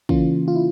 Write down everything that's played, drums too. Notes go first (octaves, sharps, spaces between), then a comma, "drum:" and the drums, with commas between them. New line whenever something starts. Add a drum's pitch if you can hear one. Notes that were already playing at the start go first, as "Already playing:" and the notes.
C#3 E3 A#3 C#4 F4, drum: kick
F4
E4